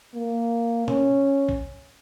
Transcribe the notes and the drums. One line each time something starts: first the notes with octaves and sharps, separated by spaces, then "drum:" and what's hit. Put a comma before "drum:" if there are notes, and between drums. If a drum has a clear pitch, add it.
A#3
C#4, drum: tom
drum: kick